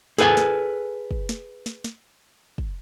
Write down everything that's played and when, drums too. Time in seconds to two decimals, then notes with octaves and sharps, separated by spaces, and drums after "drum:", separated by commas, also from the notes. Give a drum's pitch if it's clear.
0.18 G#4 A4 B4 F5 G#5, drum: snare
0.37 drum: snare
1.11 drum: kick
1.29 drum: snare
1.66 drum: snare
1.84 drum: snare
2.58 drum: kick